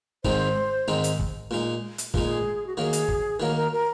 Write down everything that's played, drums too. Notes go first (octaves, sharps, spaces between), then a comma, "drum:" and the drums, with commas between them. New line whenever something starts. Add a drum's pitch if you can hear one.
G#2 D#3 G#3 C4 D#4 C5, drum: kick
G#2 D#3 G#3 C4 D#4
drum: hi-hat
drum: kick
A#2 G#3 D#4
drum: hi-hat
A#2 G#3 D#4 G#4, drum: kick
F#4
D#3 F#3 A#3 G#4
drum: hi-hat
drum: kick
D#3 F#3 A#3 A#4
A#4
A#4